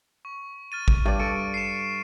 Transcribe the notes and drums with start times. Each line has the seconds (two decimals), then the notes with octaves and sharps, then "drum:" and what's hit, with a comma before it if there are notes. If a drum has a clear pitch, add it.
0.25 C#6
0.72 F6 A6 D#7
0.88 drum: kick A1
1.05 G2 D5
1.19 A4 C#6 C#7 D7
1.54 C7 E7